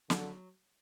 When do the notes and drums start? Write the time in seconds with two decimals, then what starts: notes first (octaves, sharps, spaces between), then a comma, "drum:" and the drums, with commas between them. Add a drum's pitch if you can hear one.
0.10 D3 F#3, drum: snare